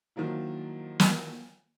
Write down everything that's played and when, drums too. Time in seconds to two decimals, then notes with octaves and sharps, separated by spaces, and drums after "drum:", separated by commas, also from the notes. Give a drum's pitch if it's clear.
0.16 D#3 F3 F#3 A#3 E4
1.00 drum: snare